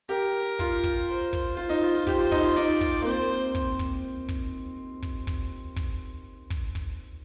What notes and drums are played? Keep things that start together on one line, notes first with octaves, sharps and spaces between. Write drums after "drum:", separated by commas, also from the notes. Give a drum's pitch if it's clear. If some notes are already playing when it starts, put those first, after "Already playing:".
G4 A#4
F4, drum: kick
drum: kick
C5
drum: kick
F4 C5
D#4
F4
F4
G4 C5, drum: kick
F4
D#4, drum: kick
F4
D#4 D5
drum: kick
A#3
C4 C5
drum: kick
drum: kick
drum: kick
drum: kick
drum: kick
drum: kick
drum: kick
drum: kick